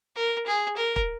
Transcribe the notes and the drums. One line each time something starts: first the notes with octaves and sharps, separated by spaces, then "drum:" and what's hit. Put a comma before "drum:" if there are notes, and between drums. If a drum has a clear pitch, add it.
A#4
G#4
A#4
drum: kick